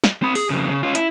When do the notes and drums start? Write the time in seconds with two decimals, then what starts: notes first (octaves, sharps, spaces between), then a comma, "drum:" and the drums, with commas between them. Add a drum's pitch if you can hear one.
0.04 drum: snare
0.22 C4 B5
0.35 G#4, drum: open hi-hat
0.50 F2 C#3
0.69 C#3
0.83 C#4 F4
0.95 E4, drum: hi-hat